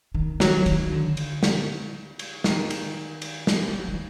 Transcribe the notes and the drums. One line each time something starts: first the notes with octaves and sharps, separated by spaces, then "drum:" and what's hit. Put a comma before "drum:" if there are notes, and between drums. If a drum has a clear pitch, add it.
D#3
F#3, drum: snare
D#3, drum: cymbal
D3
drum: cymbal
drum: snare
drum: cymbal
D#3, drum: snare
drum: cymbal
drum: cymbal
drum: snare
A3
G3
F#3
D#3